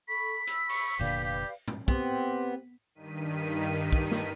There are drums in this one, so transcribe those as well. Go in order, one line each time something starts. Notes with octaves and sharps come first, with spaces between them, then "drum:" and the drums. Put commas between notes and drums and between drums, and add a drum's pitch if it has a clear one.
A4 B5 C#6 B6
B5 E6, drum: hi-hat
C#6, drum: open hi-hat
F1 A#2 D3 G4 B4 D5 F5
G4
drum: tom
B3 C4 G4, drum: kick
G2 D#3 B6 D#7
drum: kick
drum: snare